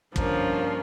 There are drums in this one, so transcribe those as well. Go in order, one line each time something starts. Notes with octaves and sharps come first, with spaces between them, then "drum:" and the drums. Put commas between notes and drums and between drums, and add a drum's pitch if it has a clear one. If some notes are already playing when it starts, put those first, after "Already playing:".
G2 D3 F3 A#3 C#4, drum: kick